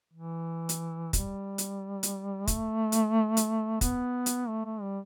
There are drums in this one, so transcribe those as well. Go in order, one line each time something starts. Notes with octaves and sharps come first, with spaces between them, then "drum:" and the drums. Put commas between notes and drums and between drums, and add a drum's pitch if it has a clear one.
E3
drum: hi-hat
G3, drum: kick, hi-hat
drum: hi-hat
drum: hi-hat
A3, drum: kick, hi-hat
drum: hi-hat
drum: hi-hat
B3, drum: kick, hi-hat
drum: hi-hat
A3
A3
G3